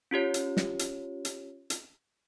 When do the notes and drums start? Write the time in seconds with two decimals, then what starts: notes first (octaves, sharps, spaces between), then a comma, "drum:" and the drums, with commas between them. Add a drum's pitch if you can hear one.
0.11 C#4 F4 G4 C#5
0.34 drum: hi-hat
0.57 drum: snare
0.79 drum: hi-hat
1.25 drum: hi-hat
1.70 drum: hi-hat